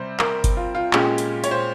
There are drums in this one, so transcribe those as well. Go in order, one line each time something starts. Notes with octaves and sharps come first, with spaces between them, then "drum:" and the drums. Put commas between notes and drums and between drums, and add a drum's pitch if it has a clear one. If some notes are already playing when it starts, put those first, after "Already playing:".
Already playing: C3 G3 C4 C5
A#4, drum: clap
drum: kick G1, hi-hat
F4
F4
A#2 G#3 C#4 G4, drum: clap
drum: hi-hat
C#5, drum: hi-hat
C5